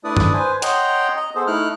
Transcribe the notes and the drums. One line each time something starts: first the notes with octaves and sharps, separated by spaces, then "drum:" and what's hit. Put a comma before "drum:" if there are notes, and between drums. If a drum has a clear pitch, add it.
A3 D4 E4 B4 D5 D#6
drum: tom G2
B4 C5 G#5
C#5 D#5 F#5 G5 A#5 C6, drum: hi-hat
D#5 A#5
B3 G#4 A4 C5
A3 D#4 E4 F6 F#6